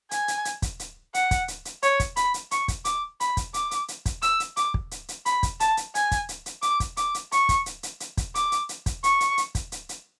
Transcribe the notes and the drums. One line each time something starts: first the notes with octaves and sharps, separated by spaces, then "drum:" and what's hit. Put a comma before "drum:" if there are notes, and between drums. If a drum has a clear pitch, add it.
G#5, drum: hi-hat
drum: hi-hat
drum: hi-hat
drum: kick, hi-hat
drum: hi-hat
F#5, drum: hi-hat
drum: kick, hi-hat
drum: hi-hat
drum: hi-hat
C#5, drum: hi-hat
drum: kick, hi-hat
B5, drum: hi-hat
drum: hi-hat
C#6, drum: hi-hat
drum: kick, hi-hat
D6, drum: hi-hat
B5, drum: hi-hat
drum: kick, hi-hat
D6, drum: hi-hat
drum: hi-hat
drum: hi-hat
drum: kick, hi-hat
E6, drum: hi-hat
drum: hi-hat
D6, drum: hi-hat
drum: kick
drum: hi-hat
drum: hi-hat
B5, drum: hi-hat
drum: kick, hi-hat
A5, drum: hi-hat
drum: hi-hat
G#5, drum: hi-hat
drum: kick, hi-hat
drum: hi-hat
drum: hi-hat
D6, drum: hi-hat
drum: kick, hi-hat
D6, drum: hi-hat
drum: hi-hat
C#6, drum: hi-hat
drum: kick, hi-hat
drum: hi-hat
drum: hi-hat
drum: hi-hat
drum: kick, hi-hat
D6, drum: hi-hat
drum: hi-hat
drum: hi-hat
drum: kick, hi-hat
C#6, drum: hi-hat
drum: hi-hat
drum: hi-hat
drum: kick, hi-hat
drum: hi-hat
drum: hi-hat